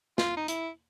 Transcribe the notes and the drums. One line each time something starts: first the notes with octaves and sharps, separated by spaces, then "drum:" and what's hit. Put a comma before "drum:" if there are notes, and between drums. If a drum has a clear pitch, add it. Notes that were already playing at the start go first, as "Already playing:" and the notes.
F4, drum: snare
D#4
E4, drum: hi-hat